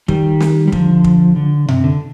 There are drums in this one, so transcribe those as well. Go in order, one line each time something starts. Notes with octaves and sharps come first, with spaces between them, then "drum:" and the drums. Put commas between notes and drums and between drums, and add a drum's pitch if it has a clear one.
D#3 G3, drum: kick
drum: snare
G3
D3 F3, drum: kick
drum: kick
D3
C3, drum: tom F#2
D3